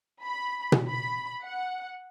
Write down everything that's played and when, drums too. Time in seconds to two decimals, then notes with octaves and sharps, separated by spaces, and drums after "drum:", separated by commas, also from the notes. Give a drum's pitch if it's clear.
0.24 B5
0.72 drum: tom B2
0.88 B5
1.43 F#5